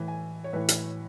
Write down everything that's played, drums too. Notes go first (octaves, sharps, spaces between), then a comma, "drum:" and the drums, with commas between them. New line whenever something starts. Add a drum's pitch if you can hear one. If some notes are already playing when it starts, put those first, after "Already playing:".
Already playing: A2 E3
G#5
C#5
A2 E3 B4
drum: hi-hat